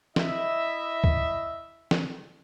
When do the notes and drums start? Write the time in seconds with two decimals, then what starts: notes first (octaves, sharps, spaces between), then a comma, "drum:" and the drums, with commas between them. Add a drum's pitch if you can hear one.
0.16 E4 D#5 E5, drum: snare
1.04 drum: kick
1.91 drum: snare